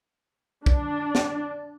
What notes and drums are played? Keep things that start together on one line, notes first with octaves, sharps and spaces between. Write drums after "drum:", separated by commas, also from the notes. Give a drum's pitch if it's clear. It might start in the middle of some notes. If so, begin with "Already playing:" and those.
D4, drum: kick
drum: snare